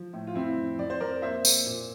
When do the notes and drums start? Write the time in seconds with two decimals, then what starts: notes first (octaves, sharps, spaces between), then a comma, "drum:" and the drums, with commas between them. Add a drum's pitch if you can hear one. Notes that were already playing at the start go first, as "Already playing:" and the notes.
Already playing: F3
0.13 A2
0.27 F4
0.35 F2 C4 E4
0.57 F2
0.79 F2 D5
0.90 C5
1.00 F2 A#4 D5
1.22 A#3 C5 E5
1.45 A#3, drum: tambourine
1.66 A#2